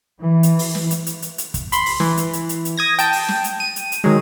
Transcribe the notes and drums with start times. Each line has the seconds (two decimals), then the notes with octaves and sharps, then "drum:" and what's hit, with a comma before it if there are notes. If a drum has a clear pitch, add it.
0.21 E3
0.43 drum: hi-hat
0.59 drum: open hi-hat
0.75 drum: snare
0.91 drum: hi-hat
1.06 drum: hi-hat
1.22 drum: hi-hat
1.38 drum: hi-hat
1.54 drum: kick, hi-hat
1.72 B5 C6, drum: hi-hat
1.86 drum: open hi-hat
2.00 E3, drum: snare
2.17 drum: hi-hat
2.33 drum: hi-hat
2.49 drum: hi-hat
2.65 drum: hi-hat
2.77 D#6 G#6 A#6
2.99 G5 A5, drum: hi-hat
3.13 drum: open hi-hat
3.28 drum: snare
3.44 drum: hi-hat
3.60 D#7
3.76 drum: hi-hat
3.92 drum: hi-hat
4.04 D#3 F#3 G#3